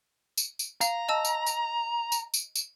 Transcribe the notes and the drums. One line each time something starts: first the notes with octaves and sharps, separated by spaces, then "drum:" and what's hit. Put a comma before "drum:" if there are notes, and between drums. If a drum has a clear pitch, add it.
drum: tambourine
drum: tambourine
F5 A#5, drum: tambourine
D#5 A5 E6
drum: tambourine
drum: tambourine
drum: tambourine
drum: tambourine
drum: tambourine